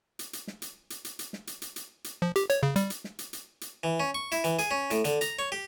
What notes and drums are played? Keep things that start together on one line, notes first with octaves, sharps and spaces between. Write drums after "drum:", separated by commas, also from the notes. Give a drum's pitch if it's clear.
drum: hi-hat
drum: hi-hat
drum: snare
drum: hi-hat
drum: hi-hat
drum: hi-hat
drum: hi-hat
drum: snare
drum: hi-hat
drum: hi-hat
drum: hi-hat
drum: hi-hat
F3
G4, drum: hi-hat
C#5, drum: hi-hat
C#3
G3, drum: hi-hat
drum: hi-hat
drum: snare
drum: hi-hat
drum: hi-hat
drum: hi-hat
E3
C#4
C#6
E4, drum: hi-hat
E3, drum: hi-hat
G#4, drum: hi-hat
C#4
A2, drum: hi-hat
D3, drum: hi-hat
A#5, drum: hi-hat
C#5
G4